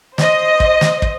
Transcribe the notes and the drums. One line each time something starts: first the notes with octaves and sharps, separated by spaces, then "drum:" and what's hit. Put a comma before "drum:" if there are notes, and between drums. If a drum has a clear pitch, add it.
C5 D#5, drum: snare
drum: kick
drum: snare
drum: kick